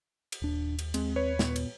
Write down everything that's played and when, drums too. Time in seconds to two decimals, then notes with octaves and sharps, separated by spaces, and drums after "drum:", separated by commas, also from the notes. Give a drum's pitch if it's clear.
0.32 drum: cymbal
0.42 D#1 D#2 D4
0.79 drum: cymbal
0.94 G#3 C4, drum: cymbal
1.16 B4 C#5
1.39 A#2 B3, drum: snare
1.56 drum: cymbal